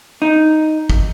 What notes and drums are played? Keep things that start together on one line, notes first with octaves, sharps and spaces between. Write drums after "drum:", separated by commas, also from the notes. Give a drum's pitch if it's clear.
D#4
drum: kick